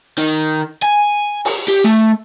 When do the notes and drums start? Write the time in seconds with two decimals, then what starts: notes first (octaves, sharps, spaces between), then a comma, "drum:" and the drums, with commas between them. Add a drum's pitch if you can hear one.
0.18 D#3
0.82 G#5
1.45 drum: open hi-hat
1.68 G4
1.84 A3